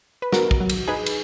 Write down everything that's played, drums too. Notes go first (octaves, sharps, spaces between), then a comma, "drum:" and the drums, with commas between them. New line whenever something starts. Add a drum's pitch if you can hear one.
B4
B3 F#4 A#4, drum: snare
drum: kick
F#3
drum: cymbal
D#4 G#4 B4
drum: cymbal